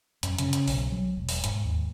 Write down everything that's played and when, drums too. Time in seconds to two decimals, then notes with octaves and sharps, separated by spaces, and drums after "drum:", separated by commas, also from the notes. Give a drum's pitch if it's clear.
0.23 F#2, drum: hi-hat
0.38 C#3, drum: hi-hat
0.53 drum: hi-hat
0.68 B1, drum: open hi-hat
0.92 F#3
1.17 E1
1.29 drum: open hi-hat
1.44 G#2, drum: hi-hat
1.65 D#2